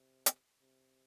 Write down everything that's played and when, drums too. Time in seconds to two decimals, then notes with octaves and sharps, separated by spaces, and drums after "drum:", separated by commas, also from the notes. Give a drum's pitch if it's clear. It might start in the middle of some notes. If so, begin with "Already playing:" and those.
Already playing: C3
0.26 drum: hi-hat
0.62 C3